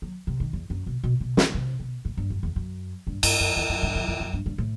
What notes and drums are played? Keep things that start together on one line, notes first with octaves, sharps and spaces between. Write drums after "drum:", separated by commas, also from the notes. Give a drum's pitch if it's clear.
F#3
C3
D#3
E2
F#2
B2
B2
B2
D#3, drum: snare
C3
B2
A2
G2
F#2
E2
F#2
G2
G2, drum: cymbal
F#2
E2
F#2
G2
F#2
E2
F#2
G2
G2
A2